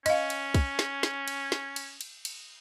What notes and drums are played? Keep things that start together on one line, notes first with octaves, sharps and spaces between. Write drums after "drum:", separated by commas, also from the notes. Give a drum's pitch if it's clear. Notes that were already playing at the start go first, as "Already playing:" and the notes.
C#4 D#5 F5, drum: cymbal
drum: cymbal
drum: kick, cymbal
drum: snare
drum: snare
drum: cymbal
drum: snare
drum: cymbal
drum: cymbal
drum: cymbal